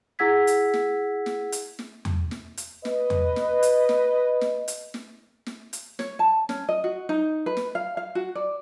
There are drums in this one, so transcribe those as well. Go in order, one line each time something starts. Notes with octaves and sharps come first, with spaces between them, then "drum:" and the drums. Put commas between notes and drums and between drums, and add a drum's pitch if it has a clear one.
E4 G#4 F#5 E6 G#6 B6
drum: hi-hat
drum: snare
drum: snare
drum: hi-hat
drum: snare
drum: tom E2
drum: snare
drum: hi-hat
B4 D#5, drum: snare
drum: tom E2
drum: snare
drum: hi-hat
drum: snare
drum: snare
drum: hi-hat
drum: snare
drum: snare
drum: hi-hat
C#5, drum: snare
A5
C#4, drum: snare
D#5
F#4
D#4
B4
drum: snare
F5
F5
F#4
D5